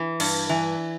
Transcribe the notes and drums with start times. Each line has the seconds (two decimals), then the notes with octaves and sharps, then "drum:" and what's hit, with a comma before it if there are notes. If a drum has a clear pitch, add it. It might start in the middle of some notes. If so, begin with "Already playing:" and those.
Already playing: E3
0.20 G2, drum: cymbal
0.49 E3